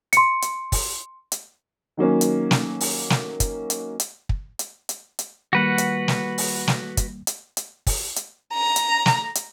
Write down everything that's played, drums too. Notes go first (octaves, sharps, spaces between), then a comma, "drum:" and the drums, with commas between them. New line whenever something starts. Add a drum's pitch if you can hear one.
C6 C#7, drum: hi-hat
drum: hi-hat
drum: kick, open hi-hat
drum: hi-hat
D#3 F#3 A#3 C#4
drum: hi-hat
drum: snare
drum: open hi-hat
drum: snare
drum: kick, hi-hat
drum: hi-hat
drum: hi-hat
drum: kick
drum: hi-hat
drum: hi-hat
drum: hi-hat
D#3 G3 A#3 F#4 B4 F#5
drum: hi-hat
drum: snare
drum: open hi-hat
drum: snare
drum: kick, hi-hat
drum: hi-hat
drum: hi-hat
drum: kick, open hi-hat
drum: hi-hat
A#5
drum: hi-hat
drum: snare
drum: hi-hat